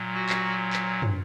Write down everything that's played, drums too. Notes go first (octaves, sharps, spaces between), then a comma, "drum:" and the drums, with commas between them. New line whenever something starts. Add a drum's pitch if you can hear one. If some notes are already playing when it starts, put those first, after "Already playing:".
Already playing: A#2 F#3
F#4
drum: clap
drum: clap
drum: tom